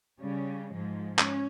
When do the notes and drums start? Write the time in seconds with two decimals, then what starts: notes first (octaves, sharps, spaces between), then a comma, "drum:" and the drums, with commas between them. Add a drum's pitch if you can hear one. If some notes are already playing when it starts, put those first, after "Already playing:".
0.20 C#3 G3 C#4
0.70 G#2 F3 G#3
1.19 C#4, drum: clap